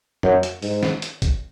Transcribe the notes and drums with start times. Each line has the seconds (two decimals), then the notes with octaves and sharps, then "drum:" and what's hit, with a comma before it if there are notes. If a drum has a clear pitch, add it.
0.23 F#2, drum: tom F2
0.43 drum: hi-hat
0.62 G#2, drum: open hi-hat
0.83 drum: snare
1.02 drum: hi-hat
1.22 drum: kick, hi-hat